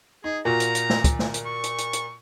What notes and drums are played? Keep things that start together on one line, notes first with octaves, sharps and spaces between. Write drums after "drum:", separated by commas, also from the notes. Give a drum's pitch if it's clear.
D#4 G#4
A#2 F4 F#4 A#5
drum: hi-hat
drum: hi-hat
drum: snare
drum: kick, hi-hat
drum: snare
drum: hi-hat
C#6
drum: hi-hat
drum: hi-hat
drum: hi-hat